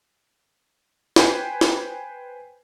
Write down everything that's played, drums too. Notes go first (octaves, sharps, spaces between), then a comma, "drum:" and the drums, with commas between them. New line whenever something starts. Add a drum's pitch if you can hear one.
B4 C5 G5 G#5 B5, drum: snare
drum: snare